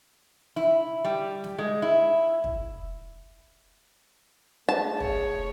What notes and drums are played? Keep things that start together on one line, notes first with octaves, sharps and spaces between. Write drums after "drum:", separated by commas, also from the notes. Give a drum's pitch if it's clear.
E4, drum: snare
G3
drum: snare
G#3
E4
drum: kick
A3 G#4 A5
C#5, drum: kick